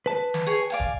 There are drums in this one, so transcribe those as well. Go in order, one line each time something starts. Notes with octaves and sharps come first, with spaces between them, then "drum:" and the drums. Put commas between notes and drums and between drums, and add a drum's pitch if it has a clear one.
B4 A5
drum: snare
G#4 C#5 G#5
D5 F5 G#5
drum: kick